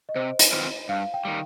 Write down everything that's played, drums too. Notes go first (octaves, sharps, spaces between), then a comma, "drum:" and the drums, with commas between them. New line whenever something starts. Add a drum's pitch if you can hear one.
D#5
C3 C5
drum: hi-hat
D#3 C4 F4
G2 F5
G5
D#3 G3